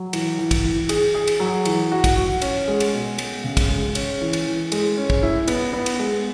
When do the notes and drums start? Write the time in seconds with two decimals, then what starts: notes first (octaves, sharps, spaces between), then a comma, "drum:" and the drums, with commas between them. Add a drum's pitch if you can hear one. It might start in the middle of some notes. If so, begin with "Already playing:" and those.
Already playing: F#3
0.13 E3, drum: cymbal
0.38 E3
0.51 drum: kick, cymbal
0.64 E3
0.89 G#4, drum: cymbal
1.14 G#4
1.27 drum: cymbal
1.40 F#3
1.65 E3, drum: cymbal
1.92 F#4
2.04 drum: kick, cymbal
2.17 F#4
2.42 C#4, drum: cymbal
2.68 G#3
2.80 drum: cymbal
2.93 B2
3.18 G#3, drum: cymbal
3.44 C#3
3.57 drum: kick, cymbal
3.69 G#3
3.95 C#4, drum: cymbal
4.21 E3
4.33 drum: cymbal
4.46 E3
4.72 G#3, drum: cymbal
4.97 C#4
5.10 drum: kick
5.23 E4
5.48 B3, drum: cymbal
5.73 B3
5.86 drum: cymbal
5.99 G#3